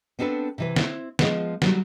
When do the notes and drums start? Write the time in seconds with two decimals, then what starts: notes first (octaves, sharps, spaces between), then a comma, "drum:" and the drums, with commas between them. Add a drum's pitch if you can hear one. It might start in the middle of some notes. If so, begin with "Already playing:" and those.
0.19 B3 C4 D4 A4 B4
0.58 C3 E3 B4
0.76 C4 E4, drum: snare
1.19 F3 G#3 B3, drum: snare
1.62 F#3 G3, drum: snare